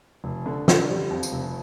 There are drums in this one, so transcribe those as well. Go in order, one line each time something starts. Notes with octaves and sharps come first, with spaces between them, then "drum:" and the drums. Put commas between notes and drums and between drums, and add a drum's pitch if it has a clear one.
F1
D3
D3, drum: snare
G3
F2
drum: tambourine
F1